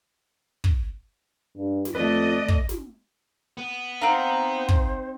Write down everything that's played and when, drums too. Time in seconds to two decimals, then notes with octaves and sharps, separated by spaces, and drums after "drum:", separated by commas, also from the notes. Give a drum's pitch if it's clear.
0.64 drum: kick
1.57 G2
1.85 drum: snare
1.95 F2 A3 B4 D5 D#5
2.48 drum: kick
2.69 drum: snare
3.57 B3
4.02 C4 D#4 C5 F5 F#5
4.68 drum: kick